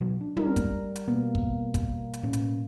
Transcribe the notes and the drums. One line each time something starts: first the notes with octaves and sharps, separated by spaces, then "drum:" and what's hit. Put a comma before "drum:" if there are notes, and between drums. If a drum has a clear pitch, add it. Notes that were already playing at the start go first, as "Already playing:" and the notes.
B2 F#3
D4
G3 A#4, drum: tom
drum: kick, hi-hat
drum: hi-hat
B2 A#3 B3
drum: kick
drum: kick, hi-hat
drum: hi-hat
A2 C#4
drum: hi-hat